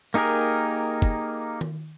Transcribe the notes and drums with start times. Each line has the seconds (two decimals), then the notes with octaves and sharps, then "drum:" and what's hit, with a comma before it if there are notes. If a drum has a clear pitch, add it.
0.14 A#3 D#4 G4 G#4 A#4
1.02 drum: kick
1.61 drum: tom D#3